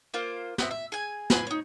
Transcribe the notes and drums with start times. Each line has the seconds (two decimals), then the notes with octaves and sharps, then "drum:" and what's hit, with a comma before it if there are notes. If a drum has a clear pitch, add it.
0.14 A#3 F4 C5
0.58 B3 C4 E5, drum: snare
0.71 E5
0.92 G#4 G#5
1.30 E4 B4 G#5 C6, drum: snare
1.47 D#4 C#5